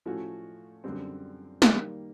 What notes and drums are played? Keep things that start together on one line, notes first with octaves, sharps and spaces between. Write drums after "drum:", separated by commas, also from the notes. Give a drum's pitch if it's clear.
A2 F3 A3 C#4 F#4
F#2 D3 G3 C4
D#3 G3 A#3, drum: snare